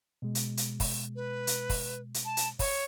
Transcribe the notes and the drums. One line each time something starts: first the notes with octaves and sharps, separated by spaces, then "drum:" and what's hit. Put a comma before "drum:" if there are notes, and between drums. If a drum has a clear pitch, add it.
B2 G#3
drum: hi-hat
drum: hi-hat
drum: kick, open hi-hat
B4
drum: hi-hat
drum: kick, open hi-hat
drum: hi-hat
A5
drum: hi-hat
C#5, drum: kick, open hi-hat